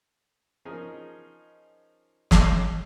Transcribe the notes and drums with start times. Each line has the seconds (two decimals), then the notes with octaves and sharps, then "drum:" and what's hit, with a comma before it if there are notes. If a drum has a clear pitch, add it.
0.65 F3 C#4 D#4 G#4 A#4
2.31 drum: snare